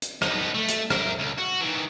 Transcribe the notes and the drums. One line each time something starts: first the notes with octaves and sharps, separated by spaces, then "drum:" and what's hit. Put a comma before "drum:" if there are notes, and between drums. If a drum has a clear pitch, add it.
drum: hi-hat
B3 D#4, drum: rim click
A3
drum: hi-hat
A#4 E5, drum: rim click
C#2
F#4
D#3 E3